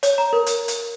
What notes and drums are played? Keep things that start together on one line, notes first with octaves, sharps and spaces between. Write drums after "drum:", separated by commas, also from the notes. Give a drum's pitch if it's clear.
C#5, drum: hi-hat
A#5
A#4
drum: hi-hat
drum: hi-hat